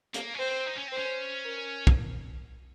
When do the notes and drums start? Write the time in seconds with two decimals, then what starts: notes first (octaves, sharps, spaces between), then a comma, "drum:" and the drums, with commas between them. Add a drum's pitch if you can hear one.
0.14 A#3, drum: hi-hat
0.35 C#4
0.39 C4 C5
0.67 D#4
0.78 C#4
0.88 C4 C5
0.98 C#4
1.45 A#4
1.87 drum: kick B1